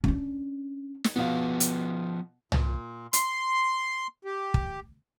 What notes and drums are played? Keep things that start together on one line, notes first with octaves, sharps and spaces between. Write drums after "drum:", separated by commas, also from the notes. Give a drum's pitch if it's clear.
C#4 D4, drum: kick
drum: snare
B2 F3 B3 F5
drum: hi-hat
A#2, drum: tom
C6, drum: hi-hat
G4
drum: kick